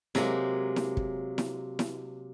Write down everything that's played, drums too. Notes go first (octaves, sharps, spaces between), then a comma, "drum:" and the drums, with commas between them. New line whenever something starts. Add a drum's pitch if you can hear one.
C3 F#3 G#3 A#3, drum: snare E4
drum: snare E4
drum: kick
drum: snare E4
drum: snare E4